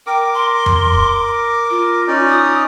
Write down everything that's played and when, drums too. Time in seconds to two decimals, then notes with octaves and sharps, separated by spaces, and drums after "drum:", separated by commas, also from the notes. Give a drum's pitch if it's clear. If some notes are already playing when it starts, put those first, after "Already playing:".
0.07 A#4 G5 D6
0.34 C6
0.66 drum: tom F2
0.93 drum: kick
1.71 F4
2.07 C#4 D#4 D5
2.29 D#6